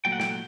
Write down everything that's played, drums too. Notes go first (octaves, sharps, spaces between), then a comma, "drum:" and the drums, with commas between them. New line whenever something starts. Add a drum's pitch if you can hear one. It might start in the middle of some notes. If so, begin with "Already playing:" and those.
A#2 F#3 A3 G5
F#5
G5, drum: snare